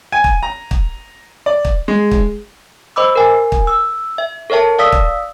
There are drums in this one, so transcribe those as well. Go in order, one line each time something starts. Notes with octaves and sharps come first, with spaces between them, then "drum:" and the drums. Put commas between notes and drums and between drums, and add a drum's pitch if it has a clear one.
G#5
drum: kick
A#5
drum: kick
D5
drum: kick
G#3
drum: kick
C5 D#5 B5 D6 E6
A#4 G#5
drum: kick
E6
E5
A4 A#4 C#5 E5 A5
D5 F5 D#6 E6 B6
drum: kick